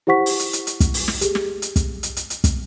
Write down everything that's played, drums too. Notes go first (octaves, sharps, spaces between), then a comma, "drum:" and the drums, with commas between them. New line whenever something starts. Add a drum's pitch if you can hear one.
E4 G4 C5 F#5 C#6 B6
drum: open hi-hat
drum: hi-hat
drum: hi-hat
drum: hi-hat
drum: kick, hi-hat
drum: open hi-hat
drum: snare
G4 G#4, drum: hi-hat
drum: snare
drum: hi-hat
drum: kick, hi-hat
drum: hi-hat
drum: hi-hat
drum: hi-hat
drum: kick, hi-hat